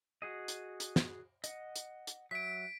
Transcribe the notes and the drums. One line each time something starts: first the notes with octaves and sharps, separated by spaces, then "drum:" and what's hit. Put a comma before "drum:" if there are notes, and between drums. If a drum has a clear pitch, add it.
F#4 G#4 D#5
drum: hi-hat
drum: hi-hat
drum: snare
D#5 F#5, drum: hi-hat
drum: hi-hat
drum: hi-hat
F#3 E5 B6 D7